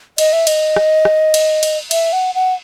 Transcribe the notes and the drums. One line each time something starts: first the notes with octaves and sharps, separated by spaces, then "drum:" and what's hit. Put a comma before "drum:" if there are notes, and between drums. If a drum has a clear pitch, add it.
D#5, drum: cymbal
E5
D#5, drum: cymbal
drum: rim click
drum: rim click
drum: cymbal
drum: cymbal
E5, drum: cymbal
F#5
F#5